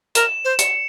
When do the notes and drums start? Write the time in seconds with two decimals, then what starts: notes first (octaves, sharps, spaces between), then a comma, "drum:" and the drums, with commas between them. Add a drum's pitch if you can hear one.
0.15 A#4 E7, drum: hi-hat
0.45 C5
0.59 C#7, drum: hi-hat